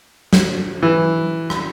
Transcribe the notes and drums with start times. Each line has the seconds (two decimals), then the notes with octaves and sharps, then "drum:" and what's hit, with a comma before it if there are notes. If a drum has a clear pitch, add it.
0.33 drum: snare
0.82 E3
1.50 drum: rim click